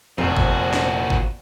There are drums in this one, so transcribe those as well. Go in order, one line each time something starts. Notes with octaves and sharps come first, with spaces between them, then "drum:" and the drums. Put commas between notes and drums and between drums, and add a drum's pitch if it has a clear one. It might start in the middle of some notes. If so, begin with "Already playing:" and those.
F1 A#2 C4 F#4 C5 D5
drum: kick G1
drum: snare
drum: kick G1